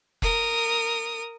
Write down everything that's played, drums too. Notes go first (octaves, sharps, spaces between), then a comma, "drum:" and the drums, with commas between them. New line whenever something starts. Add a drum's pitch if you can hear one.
A#4 D#6, drum: kick F1